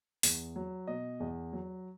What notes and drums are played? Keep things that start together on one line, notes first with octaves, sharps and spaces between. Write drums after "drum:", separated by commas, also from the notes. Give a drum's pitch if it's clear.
E2, drum: open hi-hat
F#3
B2 D#5
E2
F#3